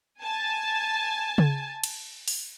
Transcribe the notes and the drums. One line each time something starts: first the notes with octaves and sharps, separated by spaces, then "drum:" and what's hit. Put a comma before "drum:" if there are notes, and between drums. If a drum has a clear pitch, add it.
G#5 A5
drum: tom C#3
drum: cymbal
drum: open hi-hat